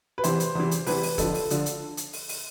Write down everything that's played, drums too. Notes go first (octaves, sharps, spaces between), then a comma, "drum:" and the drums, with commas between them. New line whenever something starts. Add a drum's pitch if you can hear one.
B4
E2 C3 E3 C5, drum: hi-hat
drum: hi-hat
E2 C3 E3
drum: hi-hat
E2 C3 E3 B4, drum: open hi-hat
drum: open hi-hat
F2 D3 F3 A4, drum: kick, hi-hat
drum: open hi-hat
D3 F3, drum: hi-hat
drum: hi-hat
drum: hi-hat
drum: open hi-hat
drum: open hi-hat